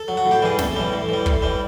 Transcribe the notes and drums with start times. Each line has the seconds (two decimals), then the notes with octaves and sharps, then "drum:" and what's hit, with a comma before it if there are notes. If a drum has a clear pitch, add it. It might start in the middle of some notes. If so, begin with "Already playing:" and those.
Already playing: A4
0.08 F#3
0.17 F#4
0.26 A2
0.31 G4
0.42 E3 G3 G#4
0.59 A2 A4, drum: snare
0.76 E3 G3
0.92 A2
1.09 E3 G3
1.26 A2, drum: kick
1.42 E3 G3